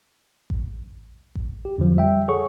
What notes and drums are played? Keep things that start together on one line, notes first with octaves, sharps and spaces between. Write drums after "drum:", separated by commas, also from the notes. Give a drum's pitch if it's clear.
drum: kick A1
drum: kick A1
G4
F2 D3 F3 F#3
G3 E5 G5
G#4 A4 C#5 F#5 C#6